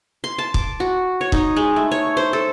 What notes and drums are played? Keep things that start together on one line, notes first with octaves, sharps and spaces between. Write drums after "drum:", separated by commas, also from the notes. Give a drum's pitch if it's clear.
C6
A5
D6, drum: kick
F#4
C#5
D#4, drum: kick
G#3
A3
C#5
C5
A4